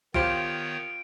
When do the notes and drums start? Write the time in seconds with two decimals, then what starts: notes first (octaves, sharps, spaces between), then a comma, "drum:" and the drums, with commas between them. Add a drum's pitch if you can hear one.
0.14 D#3 B3 F4 G4 C5 C#5 D7, drum: kick